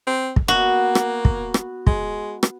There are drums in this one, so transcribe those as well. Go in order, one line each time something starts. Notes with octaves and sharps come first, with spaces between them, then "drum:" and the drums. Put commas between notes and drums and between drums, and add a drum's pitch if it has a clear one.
C4
drum: kick
A#3 B3 F#4
drum: rim click
drum: kick
drum: rim click
G#3, drum: kick
drum: rim click